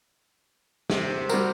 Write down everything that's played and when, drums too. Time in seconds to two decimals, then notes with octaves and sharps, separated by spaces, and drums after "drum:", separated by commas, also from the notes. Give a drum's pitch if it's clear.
0.90 C3, drum: snare
1.29 G3 F#4 A#4, drum: tambourine